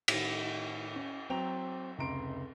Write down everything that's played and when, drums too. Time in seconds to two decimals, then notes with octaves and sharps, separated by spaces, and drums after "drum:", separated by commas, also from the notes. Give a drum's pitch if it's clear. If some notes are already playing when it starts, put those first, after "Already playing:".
0.08 A2 D#3, drum: cymbal
0.96 C#4
1.30 F#3 C4 G5 A#5 F7
1.98 F1 C#2 A#5 C6 D7